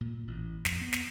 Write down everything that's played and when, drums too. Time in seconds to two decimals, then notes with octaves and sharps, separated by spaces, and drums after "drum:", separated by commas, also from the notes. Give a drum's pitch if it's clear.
0.01 A#2
0.28 A1
0.65 F2, drum: snare
0.81 B3
0.93 drum: snare